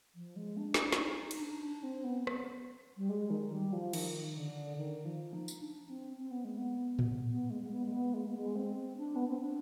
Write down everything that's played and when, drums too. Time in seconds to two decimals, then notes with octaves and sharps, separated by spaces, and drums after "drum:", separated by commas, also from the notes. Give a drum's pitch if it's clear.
0.15 F3
0.36 G#3
0.57 D4
0.74 drum: snare
0.92 D4, drum: snare
0.99 D#4
1.31 D#4, drum: cymbal
1.41 D4
1.52 D#4
1.62 D4
1.83 C4
2.04 B3
2.27 drum: rim click
2.97 G3
3.09 G#3
3.30 D#3
3.51 G3
3.73 F3
3.93 D#3, drum: cymbal
4.36 D3
4.78 D#3
5.05 F3
5.33 D#4
5.48 drum: tambourine
5.61 D4
5.89 C4
6.17 C4
6.31 B3
6.45 G#3
6.58 B3
6.99 drum: tom A2
7.29 B3
7.50 G#3
7.62 G#3
7.71 B3
7.85 G#3
7.92 B3
8.14 G#3
8.26 B3
8.37 G#3
8.56 C4
8.97 D4
9.16 B3
9.29 C4
9.40 D4